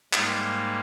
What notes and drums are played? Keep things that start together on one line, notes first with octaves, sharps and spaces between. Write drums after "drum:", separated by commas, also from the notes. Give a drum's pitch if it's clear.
G#2 G3 A#3 D#4, drum: clap